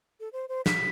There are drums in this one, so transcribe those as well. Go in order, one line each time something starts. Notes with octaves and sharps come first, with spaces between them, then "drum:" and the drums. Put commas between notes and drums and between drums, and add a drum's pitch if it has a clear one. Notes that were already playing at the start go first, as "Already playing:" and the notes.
A4
C5
C5
B6, drum: snare